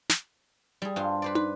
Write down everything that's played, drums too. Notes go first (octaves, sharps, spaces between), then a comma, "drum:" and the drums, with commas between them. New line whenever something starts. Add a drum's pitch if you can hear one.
drum: snare
G3 G#4
G2 F4 C5
B4 C5 D5
B4, drum: tom